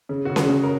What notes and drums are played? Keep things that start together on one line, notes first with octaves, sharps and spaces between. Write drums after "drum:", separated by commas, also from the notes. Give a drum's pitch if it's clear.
C#3
C#3 F#4
G#4, drum: snare C#4
C#3
A#4